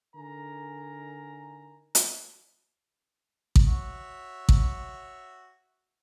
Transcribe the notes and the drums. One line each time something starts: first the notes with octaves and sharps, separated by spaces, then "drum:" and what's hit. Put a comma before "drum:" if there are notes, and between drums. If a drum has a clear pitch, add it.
D3 D#4 A#4 G#5 A#5
drum: hi-hat
drum: kick A1
F#4 C#5 E5
drum: kick A1